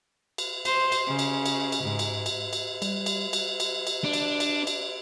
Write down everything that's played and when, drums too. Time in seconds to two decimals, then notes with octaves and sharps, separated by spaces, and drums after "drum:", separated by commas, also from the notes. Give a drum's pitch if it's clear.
0.38 drum: cymbal
0.65 C5, drum: cymbal
0.92 drum: cymbal
1.07 C#3
1.19 drum: cymbal
1.46 drum: cymbal
1.72 drum: cymbal
1.83 G#2
1.99 drum: cymbal
2.26 drum: cymbal
2.53 drum: cymbal
2.82 G3, drum: cymbal
3.06 drum: cymbal
3.33 drum: cymbal
3.60 drum: cymbal
3.87 drum: cymbal
4.04 D4
4.13 drum: cymbal
4.40 drum: cymbal
4.67 drum: cymbal